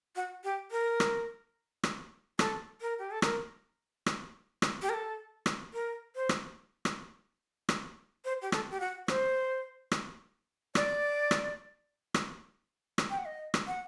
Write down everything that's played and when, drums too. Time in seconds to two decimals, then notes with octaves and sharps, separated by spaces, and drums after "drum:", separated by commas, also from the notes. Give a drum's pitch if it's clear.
0.16 F#4
0.44 G4
0.71 A#4
1.00 drum: rim click
1.83 drum: rim click
2.39 A4, drum: rim click
2.81 A#4
2.99 G4
3.11 A4
3.22 A#4, drum: rim click
4.06 drum: rim click
4.62 drum: rim click
4.82 G4
4.89 A#4
4.94 A4
5.46 drum: rim click
5.73 A#4
6.16 C5
6.29 drum: rim click
6.85 drum: rim click
7.69 drum: rim click
8.25 C5
8.42 G4
8.52 A4, drum: rim click
8.71 G4
8.80 F#4
9.08 C5, drum: rim click
9.92 drum: rim click
10.75 D5, drum: rim click
11.31 drum: rim click
12.14 drum: rim click
12.98 drum: rim click
13.10 G5
13.18 F#5
13.25 D#5
13.54 drum: rim click
13.67 F#5